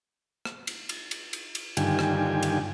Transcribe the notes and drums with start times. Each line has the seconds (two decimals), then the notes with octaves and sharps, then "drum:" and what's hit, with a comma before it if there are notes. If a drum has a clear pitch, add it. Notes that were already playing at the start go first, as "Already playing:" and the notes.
0.45 drum: rim click
0.67 drum: cymbal
0.89 drum: cymbal
1.11 drum: cymbal
1.33 drum: cymbal
1.55 drum: cymbal
1.77 G2 D3 D#3 F4 G5 G#5, drum: cymbal
1.99 drum: rim click
2.43 drum: cymbal